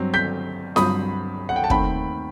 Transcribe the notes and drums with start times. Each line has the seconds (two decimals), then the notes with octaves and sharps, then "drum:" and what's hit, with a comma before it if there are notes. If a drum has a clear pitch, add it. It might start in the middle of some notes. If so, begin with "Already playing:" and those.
Already playing: G2 F#3 C4
0.14 G6 B6
0.76 G2 F#3 C4 B5 D#6, drum: snare F4
1.49 F#5
1.56 G5
1.64 A5
1.70 D#2 D#3 A3 C4 G5 B5, drum: kick